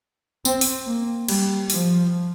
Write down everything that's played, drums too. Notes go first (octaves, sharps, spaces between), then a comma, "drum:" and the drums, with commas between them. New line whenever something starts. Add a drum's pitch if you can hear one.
C4, drum: tambourine
drum: open hi-hat
A#3
G3, drum: cymbal
F3, drum: open hi-hat